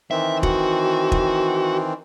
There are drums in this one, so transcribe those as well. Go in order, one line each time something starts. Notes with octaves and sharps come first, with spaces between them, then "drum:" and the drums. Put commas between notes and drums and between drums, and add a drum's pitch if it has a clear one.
D#3 E3 C4 E5
F#4, drum: kick
drum: kick